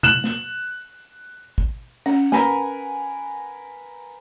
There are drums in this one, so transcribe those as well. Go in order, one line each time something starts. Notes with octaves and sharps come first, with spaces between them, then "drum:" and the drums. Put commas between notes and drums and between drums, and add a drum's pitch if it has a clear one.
F#6 E7 F#7, drum: tom C3
drum: snare
drum: kick
C#4 F#5
A#4 B4 G#5, drum: snare